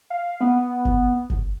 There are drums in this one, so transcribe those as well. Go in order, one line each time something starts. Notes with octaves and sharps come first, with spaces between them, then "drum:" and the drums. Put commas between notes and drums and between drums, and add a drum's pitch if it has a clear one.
F5
B3
drum: kick F#1
drum: kick F#1